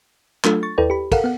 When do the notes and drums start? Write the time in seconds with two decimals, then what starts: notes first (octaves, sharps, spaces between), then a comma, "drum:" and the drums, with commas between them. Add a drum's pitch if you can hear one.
0.44 F#3 A3 D4 F4 A4, drum: clap
0.63 C#6 A6
0.78 D#2 E4 A4 B4 D5 G5
0.90 G4 B5
1.12 A4 A#4 F5 F#5, drum: kick, cymbal
1.24 B3 F#5